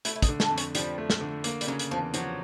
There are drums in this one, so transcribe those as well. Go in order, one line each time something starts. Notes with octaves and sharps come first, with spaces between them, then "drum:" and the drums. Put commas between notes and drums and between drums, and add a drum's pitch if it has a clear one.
A3 E4, drum: hi-hat
E4
D#4, drum: kick, hi-hat
D3
D4, drum: snare
F2
C#4, drum: hi-hat
F3 G3, drum: hi-hat
A3
drum: snare
D3
A#3, drum: hi-hat
G3, drum: hi-hat
C#3 F#3
drum: hi-hat
E2 F3
F3 F#3, drum: hi-hat